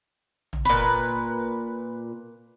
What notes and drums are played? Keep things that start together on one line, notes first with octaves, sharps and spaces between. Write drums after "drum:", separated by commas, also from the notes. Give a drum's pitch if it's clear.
drum: tom
A#2 B4